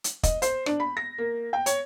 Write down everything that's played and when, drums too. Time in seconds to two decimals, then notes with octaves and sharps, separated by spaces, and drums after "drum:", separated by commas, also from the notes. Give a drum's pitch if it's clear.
0.04 drum: hi-hat
0.23 D#5, drum: kick, hi-hat
0.42 C5, drum: hi-hat
0.66 D4, drum: rim click
0.80 B5
0.97 A#6
1.18 A#3
1.53 G5
1.66 C#5, drum: hi-hat